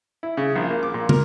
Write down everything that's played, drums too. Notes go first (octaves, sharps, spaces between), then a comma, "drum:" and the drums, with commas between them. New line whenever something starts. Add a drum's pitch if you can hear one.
E4
C#3
A#1
A#3
D6
A#2
A#4, drum: tom